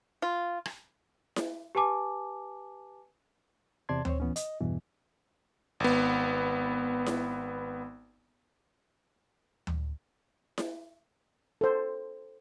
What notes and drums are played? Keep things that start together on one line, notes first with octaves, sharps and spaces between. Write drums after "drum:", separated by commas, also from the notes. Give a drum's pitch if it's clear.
F4
drum: rim click
drum: snare E4
G4 B4 G#5 A5 D6
E2 C3 D5 A5 C6 G#6
C4 C5 C#5, drum: tom D2
E3 B3 C#4
D#5, drum: hi-hat
E2 G2 B2 E3
G#1 B3
drum: snare E4
drum: tom D2
drum: snare E4
A4 C5